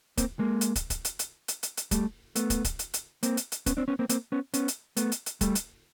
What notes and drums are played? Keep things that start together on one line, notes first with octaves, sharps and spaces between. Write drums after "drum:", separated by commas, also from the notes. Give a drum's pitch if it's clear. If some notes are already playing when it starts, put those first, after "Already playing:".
A#3 C4, drum: kick, hi-hat
G#3 A#3
drum: hi-hat
drum: kick, hi-hat
drum: kick, hi-hat
drum: hi-hat
drum: hi-hat
drum: hi-hat
drum: hi-hat
drum: hi-hat
G3 A3, drum: kick, hi-hat
A3 B3, drum: hi-hat
drum: kick, hi-hat
drum: kick, hi-hat
drum: hi-hat
drum: hi-hat
A#3 C4, drum: hi-hat
drum: hi-hat
drum: hi-hat
B3 C#4, drum: kick, hi-hat
C4 D4
B3 C#4
A#3 C4
A#3 C4, drum: hi-hat
B3 C#4
B3 C#4, drum: hi-hat
drum: hi-hat
A3 B3, drum: hi-hat
drum: hi-hat
drum: hi-hat
G3 A3, drum: kick, hi-hat
drum: hi-hat